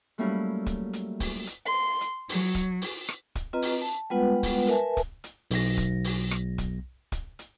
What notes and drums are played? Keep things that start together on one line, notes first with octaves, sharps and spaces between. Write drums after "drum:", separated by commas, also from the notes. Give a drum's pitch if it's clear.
F#3 G3 A3 A#3 C#4 E4
drum: kick, hi-hat
drum: hi-hat
drum: kick, open hi-hat
drum: hi-hat
C6
drum: hi-hat
F#3, drum: open hi-hat
drum: kick, hi-hat
drum: open hi-hat
drum: rim click
drum: kick, hi-hat
C4 F4 B4 D#5 A#5
drum: open hi-hat
A5
G3 G#3 B3 F4 B4 F#5
drum: kick, open hi-hat
A#4 B4 E5 G#5 A5, drum: hi-hat
drum: kick, hi-hat
drum: hi-hat
B1 A#6, drum: open hi-hat
drum: kick, hi-hat
drum: open hi-hat
drum: rim click
drum: kick, hi-hat
drum: kick, hi-hat
drum: hi-hat